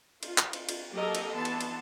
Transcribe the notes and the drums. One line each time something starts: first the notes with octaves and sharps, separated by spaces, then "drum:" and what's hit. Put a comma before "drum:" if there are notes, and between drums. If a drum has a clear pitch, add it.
F4, drum: cymbal
drum: clap
drum: cymbal
drum: cymbal
F#3 A#3 G4 A4 A#4 D#5
drum: cymbal
E3 B3 A5 C6
drum: cymbal
drum: cymbal